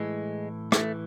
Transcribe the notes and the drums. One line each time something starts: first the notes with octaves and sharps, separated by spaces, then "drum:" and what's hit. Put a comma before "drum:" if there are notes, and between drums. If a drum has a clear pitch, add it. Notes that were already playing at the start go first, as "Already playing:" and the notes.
Already playing: A2 E3 G#3
A2 E3 A3, drum: rim click